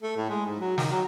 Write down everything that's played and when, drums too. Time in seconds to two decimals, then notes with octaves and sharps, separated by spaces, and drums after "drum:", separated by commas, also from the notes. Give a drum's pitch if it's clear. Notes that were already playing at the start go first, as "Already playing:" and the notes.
0.03 A3
0.17 A2
0.30 G#3
0.46 G#2
0.60 F#3
0.78 D#3, drum: snare
0.92 F#3